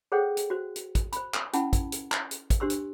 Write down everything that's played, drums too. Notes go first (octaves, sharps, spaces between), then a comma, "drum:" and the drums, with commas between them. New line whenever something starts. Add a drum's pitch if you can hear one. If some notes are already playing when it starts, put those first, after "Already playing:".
G#4 A4 C5 C#5 F#5 G5
drum: hi-hat
F#4 C5
drum: hi-hat
drum: kick, hi-hat
C5 B5, drum: hi-hat
drum: clap
C#4 E4 F#5 A5 B5, drum: hi-hat
drum: kick, hi-hat
drum: hi-hat
drum: clap
drum: hi-hat
drum: kick, hi-hat
D4 G4 C5 C6 E6
drum: hi-hat